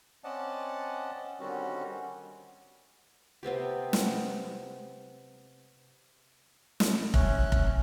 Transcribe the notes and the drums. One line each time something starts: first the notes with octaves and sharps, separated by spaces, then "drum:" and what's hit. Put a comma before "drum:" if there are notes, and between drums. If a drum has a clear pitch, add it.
C4 C#4 D5 D#5 F#5 A5
D3 D#3 G3 C4 C#4 F#4
C3 B3 C4 G4
drum: snare
drum: snare
C#4 E5 F#6, drum: kick F1
drum: kick F1